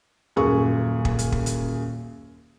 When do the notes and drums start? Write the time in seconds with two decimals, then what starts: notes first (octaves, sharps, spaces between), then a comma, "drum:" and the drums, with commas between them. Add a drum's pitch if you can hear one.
0.36 D#1 F#2 G#4 C#6
1.05 drum: kick
1.19 drum: hi-hat
1.32 drum: kick
1.46 drum: hi-hat